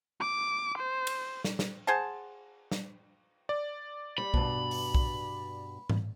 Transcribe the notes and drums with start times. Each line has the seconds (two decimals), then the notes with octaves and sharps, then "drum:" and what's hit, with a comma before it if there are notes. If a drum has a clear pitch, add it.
0.20 D6
0.78 C5
1.07 drum: cymbal
1.44 drum: snare
1.59 drum: snare
1.87 G#4 C5 F#5 A5
2.72 drum: snare
3.49 D5
4.18 G3 B5
4.34 G2 B2, drum: kick B1
4.71 drum: open hi-hat
4.94 drum: kick B1
5.90 drum: tom G#2